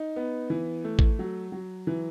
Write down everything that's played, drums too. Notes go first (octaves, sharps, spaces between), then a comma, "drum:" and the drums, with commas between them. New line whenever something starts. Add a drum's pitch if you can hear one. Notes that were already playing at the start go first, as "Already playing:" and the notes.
Already playing: D#4
B3
E3
A3
drum: kick A1
F#3
F#3
E3